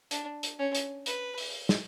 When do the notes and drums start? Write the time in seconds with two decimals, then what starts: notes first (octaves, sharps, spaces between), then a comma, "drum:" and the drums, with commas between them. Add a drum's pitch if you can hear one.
0.11 D4, drum: hi-hat
0.43 drum: hi-hat
0.59 C#4
0.75 drum: hi-hat
1.06 B4, drum: hi-hat
1.38 drum: open hi-hat
1.69 drum: snare